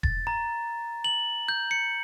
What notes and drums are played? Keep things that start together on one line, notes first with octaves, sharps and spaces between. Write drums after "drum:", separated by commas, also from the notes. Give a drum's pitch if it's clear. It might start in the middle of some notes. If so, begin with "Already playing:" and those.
A6, drum: kick E1
A#5
F#7
G6
C#7